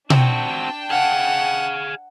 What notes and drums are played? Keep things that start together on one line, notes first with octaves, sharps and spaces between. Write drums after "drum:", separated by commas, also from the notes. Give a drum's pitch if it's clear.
C4 D4 F#4 G5 A5, drum: tom B2
G#4 F5 F#5